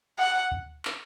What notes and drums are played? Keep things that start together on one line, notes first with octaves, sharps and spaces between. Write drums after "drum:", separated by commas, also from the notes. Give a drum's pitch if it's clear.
F#5
drum: kick
drum: clap